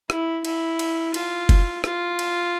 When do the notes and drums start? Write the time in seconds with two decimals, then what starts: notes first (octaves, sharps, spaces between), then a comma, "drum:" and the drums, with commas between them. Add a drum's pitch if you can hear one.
0.10 E4, drum: rim click
0.45 E4, drum: cymbal
0.79 drum: cymbal
1.14 F4, drum: cymbal
1.49 drum: kick F1, cymbal
1.84 F4, drum: rim click
2.19 drum: cymbal